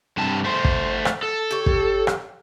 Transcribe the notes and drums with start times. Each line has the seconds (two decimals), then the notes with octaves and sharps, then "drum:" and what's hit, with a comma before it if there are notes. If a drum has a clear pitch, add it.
0.17 G2 C3 A5
0.44 A3 C5
0.65 drum: kick
1.05 drum: rim click
1.23 A4
1.51 G4 C#5
1.66 drum: kick
2.07 drum: rim click